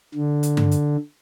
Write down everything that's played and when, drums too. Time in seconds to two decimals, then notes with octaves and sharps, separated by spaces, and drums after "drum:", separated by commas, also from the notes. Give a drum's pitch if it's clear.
0.14 D3
0.43 drum: hi-hat
0.57 drum: tom G2
0.71 drum: hi-hat